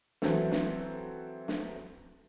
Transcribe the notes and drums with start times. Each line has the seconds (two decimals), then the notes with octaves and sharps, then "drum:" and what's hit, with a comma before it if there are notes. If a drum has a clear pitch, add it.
0.22 E3 F#3 C4 A4, drum: snare
0.51 drum: snare
1.48 drum: snare